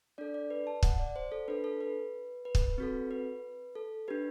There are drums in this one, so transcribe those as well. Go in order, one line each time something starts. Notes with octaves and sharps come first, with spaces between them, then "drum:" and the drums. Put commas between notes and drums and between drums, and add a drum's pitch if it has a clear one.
D4 A4 D5
D5
B4
A5
F#5, drum: kick
D5
C5
A4
D4 A4 B4
A4
B4
B4
drum: kick
C4 F#4 A4
B4
A4
D4 G4 B4